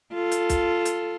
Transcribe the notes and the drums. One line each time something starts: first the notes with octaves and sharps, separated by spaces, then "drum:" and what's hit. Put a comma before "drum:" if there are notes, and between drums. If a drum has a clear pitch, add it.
F4 A4
drum: hi-hat
drum: kick, hi-hat
drum: hi-hat